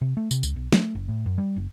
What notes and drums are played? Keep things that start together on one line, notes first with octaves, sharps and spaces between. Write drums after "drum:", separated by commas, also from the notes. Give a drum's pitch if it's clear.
C3
A3
C3, drum: tambourine
C#2, drum: tambourine
B1
A3, drum: snare
F#1
A2
F#2
G3
F#1